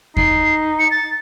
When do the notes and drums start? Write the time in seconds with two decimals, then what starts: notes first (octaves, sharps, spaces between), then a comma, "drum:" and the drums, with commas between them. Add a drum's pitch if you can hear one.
0.17 D#4 C7, drum: kick E2
0.79 C#7
0.91 A6